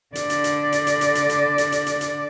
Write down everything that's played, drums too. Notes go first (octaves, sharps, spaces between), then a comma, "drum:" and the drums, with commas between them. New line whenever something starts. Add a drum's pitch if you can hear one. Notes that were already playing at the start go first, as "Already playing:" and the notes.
D3 D5, drum: hi-hat
drum: hi-hat
drum: hi-hat
drum: hi-hat
drum: hi-hat
drum: hi-hat
drum: hi-hat
drum: hi-hat
drum: hi-hat
drum: hi-hat
drum: hi-hat
drum: hi-hat